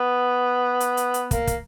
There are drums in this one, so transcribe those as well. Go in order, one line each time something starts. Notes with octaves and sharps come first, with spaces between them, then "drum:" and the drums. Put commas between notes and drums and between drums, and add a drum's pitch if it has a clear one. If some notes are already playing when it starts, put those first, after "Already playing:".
Already playing: B3
drum: hi-hat
drum: hi-hat
drum: hi-hat
A#3, drum: kick, hi-hat
drum: kick, hi-hat